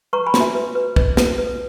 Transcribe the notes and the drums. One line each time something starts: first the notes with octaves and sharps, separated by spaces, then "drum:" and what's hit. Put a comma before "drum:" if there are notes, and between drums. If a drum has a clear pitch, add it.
B4 A#5 C#6
G#5 B5
F#4, drum: snare
E5 G#5
B4
B4
B4 D#5, drum: kick
B4, drum: snare
B4